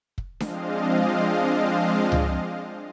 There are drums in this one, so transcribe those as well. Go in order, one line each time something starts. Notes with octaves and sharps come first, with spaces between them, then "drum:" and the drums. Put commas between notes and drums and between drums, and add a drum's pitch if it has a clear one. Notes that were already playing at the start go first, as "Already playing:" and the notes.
drum: kick
F3 G#3 C4 D4 D#5 F5, drum: snare D4
drum: tom C#2